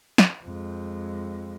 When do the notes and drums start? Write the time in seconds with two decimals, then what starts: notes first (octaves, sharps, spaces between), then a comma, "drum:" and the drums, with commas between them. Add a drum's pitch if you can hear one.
0.18 drum: snare
0.43 F2 G#3